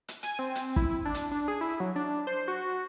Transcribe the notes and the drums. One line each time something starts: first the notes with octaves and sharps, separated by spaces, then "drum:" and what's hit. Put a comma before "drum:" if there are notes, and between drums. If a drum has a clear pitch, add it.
drum: hi-hat
G#5, drum: hi-hat
C4
drum: hi-hat
E4, drum: kick
D4
drum: hi-hat
D4
G#4
E4
F#3
D4
C5
F#4